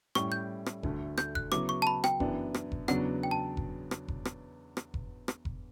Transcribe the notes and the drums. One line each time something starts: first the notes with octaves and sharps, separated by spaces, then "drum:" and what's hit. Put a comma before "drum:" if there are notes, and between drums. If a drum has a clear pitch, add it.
A2 G3 C#4 C#6, drum: rim click
G6
drum: rim click
D2 D3 A3, drum: kick F1
G6, drum: rim click
F#6, drum: kick F1
C#3 F#3 B3 E4 D6, drum: rim click
C#6
A5
B5
G5, drum: rim click
F#2 E3 B3 D4, drum: kick F1
drum: rim click
drum: kick F1
E2 C#3 F#3 B3 D4 F#5, drum: rim click
G5
A5
drum: kick F1
drum: rim click
drum: kick F1
drum: rim click
drum: rim click
drum: kick F1
drum: rim click
drum: kick F1